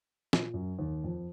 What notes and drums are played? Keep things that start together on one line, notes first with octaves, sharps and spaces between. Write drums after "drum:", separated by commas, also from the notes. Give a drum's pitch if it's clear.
A#2, drum: snare
F#2
D#2
F2